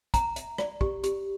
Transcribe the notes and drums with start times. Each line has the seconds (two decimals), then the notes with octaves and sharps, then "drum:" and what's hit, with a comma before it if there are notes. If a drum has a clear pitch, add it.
0.14 A#5, drum: kick, hi-hat
0.36 E5, drum: hi-hat
0.58 D5, drum: rim click
0.81 G4, drum: kick
1.04 G4, drum: hi-hat